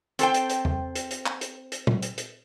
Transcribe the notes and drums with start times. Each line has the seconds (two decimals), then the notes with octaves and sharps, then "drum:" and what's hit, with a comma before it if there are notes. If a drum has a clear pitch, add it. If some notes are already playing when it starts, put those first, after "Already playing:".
0.19 C4 A4 C5 G5, drum: hi-hat
0.34 drum: hi-hat
0.50 drum: hi-hat
0.65 drum: tom E2
0.95 drum: hi-hat
1.11 drum: hi-hat
1.26 drum: clap
1.41 drum: hi-hat
1.72 drum: hi-hat
1.87 drum: tom A#2
2.02 drum: hi-hat
2.18 drum: hi-hat